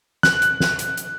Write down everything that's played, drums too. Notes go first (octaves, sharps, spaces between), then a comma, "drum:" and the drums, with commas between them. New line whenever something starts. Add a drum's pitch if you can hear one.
F#6, drum: snare
drum: hi-hat
drum: snare
drum: hi-hat
drum: hi-hat